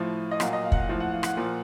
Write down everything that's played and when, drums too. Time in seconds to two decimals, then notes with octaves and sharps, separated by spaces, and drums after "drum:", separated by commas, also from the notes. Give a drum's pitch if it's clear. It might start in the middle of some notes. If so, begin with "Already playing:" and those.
Already playing: A2 F3
0.31 D#5
0.40 A#2 F#3 F5, drum: rim click
0.53 D#5
0.65 F5
0.72 F#5, drum: kick
0.77 F5
0.89 A2 F3
1.00 F#5
1.11 F5
1.23 F#5, drum: rim click
1.37 A#2 F3